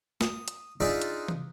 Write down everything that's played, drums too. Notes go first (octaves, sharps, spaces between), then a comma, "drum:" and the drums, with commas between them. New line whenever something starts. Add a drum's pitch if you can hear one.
D#6, drum: snare
drum: hi-hat
D4 D#4 F4 G#4 D5 E5
drum: hi-hat
drum: tom E3